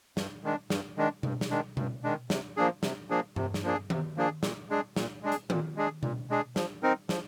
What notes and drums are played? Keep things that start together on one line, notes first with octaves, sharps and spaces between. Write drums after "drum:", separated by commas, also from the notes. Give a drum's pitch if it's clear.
G2, drum: snare
D#3 G#3 D4
G2, drum: snare
D#3 G#3 D4
G2, drum: tom B2
drum: snare
D#3 G#3 D4
G2, drum: tom B2
D#3 G#3 D4
C3, drum: snare
F3 A#3 D4 G#4
C3, drum: snare
F3 A#3 D4 G#4
C3, drum: tom G2
drum: snare
F3 A#3 D4 G#4
C3, drum: tom D#3
F3 A#3 D4 G#4
A#2, drum: snare
G#3 D4 G#4
A#2, drum: snare
G#3 D4 G#4
drum: hi-hat
A#2, drum: tom D#3
G#3 D4 G#4
A#2, drum: tom B2
G#3 D4 G#4
F3, drum: snare
C4 D#4 A#4
F3, drum: snare